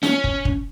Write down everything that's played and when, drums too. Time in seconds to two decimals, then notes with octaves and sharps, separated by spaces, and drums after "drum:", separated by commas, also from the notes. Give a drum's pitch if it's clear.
0.03 C#4, drum: snare
0.24 drum: kick
0.45 drum: kick